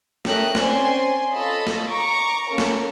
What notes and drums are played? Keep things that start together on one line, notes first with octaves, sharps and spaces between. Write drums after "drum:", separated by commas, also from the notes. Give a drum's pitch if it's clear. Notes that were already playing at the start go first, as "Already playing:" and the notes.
A3 C#4 G4 A#4 D#5 F#6, drum: snare
C4 C#4 C5 D5 G#5 C6, drum: snare
F4 A4 C#5 D#5 A5 B5
drum: snare
A#5 C#6 D6
A#3 C#4 A4 A#4
drum: snare